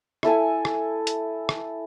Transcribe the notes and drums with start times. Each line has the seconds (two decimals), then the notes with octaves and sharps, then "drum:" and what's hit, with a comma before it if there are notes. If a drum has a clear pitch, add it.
0.23 E4 A4 G#5, drum: rim click
0.65 drum: rim click
1.07 drum: hi-hat
1.49 drum: rim click